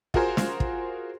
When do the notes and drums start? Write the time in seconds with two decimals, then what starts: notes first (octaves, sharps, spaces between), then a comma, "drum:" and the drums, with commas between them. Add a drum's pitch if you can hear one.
0.14 F4 F#4 G#4 A#4 C5, drum: kick
0.37 drum: snare
0.60 drum: kick